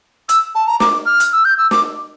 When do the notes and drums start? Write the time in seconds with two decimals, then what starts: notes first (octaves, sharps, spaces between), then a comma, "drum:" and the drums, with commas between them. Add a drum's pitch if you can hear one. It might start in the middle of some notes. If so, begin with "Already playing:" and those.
0.29 E6, drum: hi-hat
0.55 A5
0.67 A#5
0.80 D6, drum: snare
1.06 F6
1.20 drum: hi-hat
1.33 E6
1.45 G6
1.58 E6
1.71 D6, drum: snare